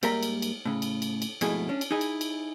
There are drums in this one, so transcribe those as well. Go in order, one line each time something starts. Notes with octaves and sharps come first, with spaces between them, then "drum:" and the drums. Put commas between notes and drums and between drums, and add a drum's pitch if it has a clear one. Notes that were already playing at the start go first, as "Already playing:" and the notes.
G#2 G3 A#3 A#4 E5 A#5, drum: cymbal
drum: cymbal
drum: cymbal
A2 C#3
drum: cymbal
drum: cymbal
drum: cymbal
F2 G#2 B2 A3 E4 G#4, drum: cymbal
C#4 D4
drum: cymbal
D#4 E4 G#4
drum: cymbal
drum: cymbal